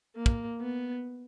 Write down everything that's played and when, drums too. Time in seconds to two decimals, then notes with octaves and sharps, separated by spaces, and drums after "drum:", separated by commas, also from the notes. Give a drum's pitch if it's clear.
0.16 A#3
0.26 drum: kick
0.61 B3